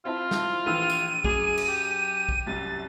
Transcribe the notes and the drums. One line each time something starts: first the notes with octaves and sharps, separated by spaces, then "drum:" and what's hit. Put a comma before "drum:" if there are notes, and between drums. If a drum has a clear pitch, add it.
C4 E4 F4 A5
drum: snare
A#1 E3 E6 D#7
drum: tambourine
F#2 G#4 D6 F7, drum: kick
drum: cymbal
G4
drum: kick
C2 F#2 A6